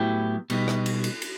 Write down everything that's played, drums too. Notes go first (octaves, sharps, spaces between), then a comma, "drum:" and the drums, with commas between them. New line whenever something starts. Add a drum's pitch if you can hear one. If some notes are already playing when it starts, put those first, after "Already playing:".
Already playing: A2 F#3 B3 E4 G4
B2 G3 B3 D#4, drum: cymbal
drum: rim click
drum: cymbal
drum: cymbal
drum: cymbal